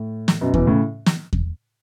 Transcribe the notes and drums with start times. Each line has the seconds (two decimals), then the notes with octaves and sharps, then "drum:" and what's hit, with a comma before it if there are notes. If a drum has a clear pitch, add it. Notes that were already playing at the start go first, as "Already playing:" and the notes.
Already playing: A2
0.28 drum: snare
0.41 F#2 B2
0.54 B2 E3, drum: kick E2
0.67 A2 C#3
1.06 drum: snare
1.33 drum: kick E2